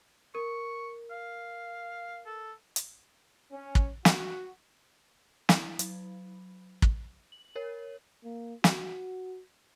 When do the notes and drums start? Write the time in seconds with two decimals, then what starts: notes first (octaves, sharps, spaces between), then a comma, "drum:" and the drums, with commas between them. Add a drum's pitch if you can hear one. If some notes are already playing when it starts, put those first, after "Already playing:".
0.35 A#4 C#6
1.11 F5
2.26 A4
2.76 drum: hi-hat
3.52 C#4
3.75 drum: kick
4.05 F#4, drum: snare
5.49 E4, drum: snare
5.79 F#3, drum: hi-hat
6.82 drum: kick
7.32 F#7
7.56 A#4 C#5
8.24 A#3
8.64 F#4, drum: snare